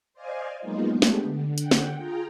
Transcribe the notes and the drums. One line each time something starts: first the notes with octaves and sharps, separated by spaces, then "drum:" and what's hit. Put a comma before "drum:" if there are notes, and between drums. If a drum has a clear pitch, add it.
C5 D5 D#5 F5 G#5
F#3 G#3 A#3 B3 D#4 F4
G#3 A3 B3 D4 G4
drum: snare
D3
D3 F#5 G5, drum: hi-hat
drum: snare
F4 G#4 G5 A#5